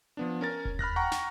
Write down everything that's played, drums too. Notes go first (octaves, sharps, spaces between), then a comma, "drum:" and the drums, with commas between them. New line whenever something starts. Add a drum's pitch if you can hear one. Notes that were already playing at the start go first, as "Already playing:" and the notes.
F3 B3 D4
C#4 A#4 A6
drum: kick E1
B5 F6 F#6 A#6, drum: tom D#2
F#5 G5 A#5 C#6
drum: snare